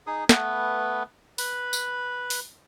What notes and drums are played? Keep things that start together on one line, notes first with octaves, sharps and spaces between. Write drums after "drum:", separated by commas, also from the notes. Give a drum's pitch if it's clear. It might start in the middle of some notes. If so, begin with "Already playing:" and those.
D#4 G#4 D#6
A3 B3 B4, drum: snare
B4 B5, drum: open hi-hat
drum: tambourine
drum: open hi-hat